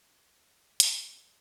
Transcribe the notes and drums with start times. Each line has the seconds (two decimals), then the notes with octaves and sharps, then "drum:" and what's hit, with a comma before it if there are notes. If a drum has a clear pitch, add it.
0.13 D#2 F#6 G#6
0.41 G#3
0.67 D#2
0.80 drum: hi-hat